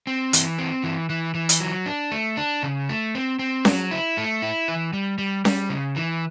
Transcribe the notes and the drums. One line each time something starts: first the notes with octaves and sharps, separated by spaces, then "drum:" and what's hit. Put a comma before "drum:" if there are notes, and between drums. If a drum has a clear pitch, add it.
C4
E3, drum: hi-hat
C4
E3
E3
E3
drum: hi-hat
F#3
D4
A3
D4
C#3
A3
C4
C4
F#3, drum: snare C#4
E4
A3
E4
E3
G3
G3
G3, drum: snare C#4
C#3
E3